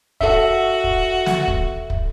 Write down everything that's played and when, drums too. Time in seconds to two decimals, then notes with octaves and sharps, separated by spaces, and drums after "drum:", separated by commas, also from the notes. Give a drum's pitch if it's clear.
0.21 F#4 A4 E5, drum: kick
0.84 drum: kick
1.26 drum: snare
1.47 drum: kick
1.90 drum: kick